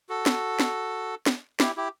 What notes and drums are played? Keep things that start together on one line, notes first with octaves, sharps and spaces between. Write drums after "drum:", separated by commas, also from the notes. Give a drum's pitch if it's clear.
F#4 A4
drum: snare
drum: snare
drum: snare
E4 G4, drum: snare
E4 G4